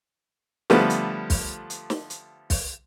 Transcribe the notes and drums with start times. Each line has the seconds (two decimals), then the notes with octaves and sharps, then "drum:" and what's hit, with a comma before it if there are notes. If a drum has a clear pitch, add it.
0.70 D3 F3 G3 A3 B3, drum: snare
0.90 drum: hi-hat
1.30 drum: kick, open hi-hat
1.70 drum: hi-hat
1.90 drum: snare
2.10 drum: hi-hat
2.50 drum: kick, open hi-hat